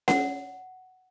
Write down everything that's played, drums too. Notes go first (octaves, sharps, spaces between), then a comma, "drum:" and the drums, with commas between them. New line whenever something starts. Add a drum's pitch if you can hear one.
F#5, drum: snare C#4